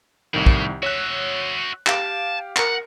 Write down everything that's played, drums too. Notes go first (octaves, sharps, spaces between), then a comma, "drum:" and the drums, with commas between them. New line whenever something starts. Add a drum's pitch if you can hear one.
C2 A2 D#3
drum: kick
F#4 C#5 E5 F#6
G4 F5 A5 D7, drum: clap
A#4 F#5 A#5 C#7, drum: clap